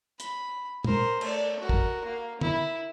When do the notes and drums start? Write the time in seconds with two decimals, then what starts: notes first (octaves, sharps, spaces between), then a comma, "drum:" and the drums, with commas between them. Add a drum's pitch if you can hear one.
0.20 B5, drum: hi-hat
0.84 A#4 C5, drum: tom
1.21 A3 D5, drum: cymbal
1.60 F#4 A#4
1.69 drum: kick
2.05 A#3
2.41 E4, drum: tom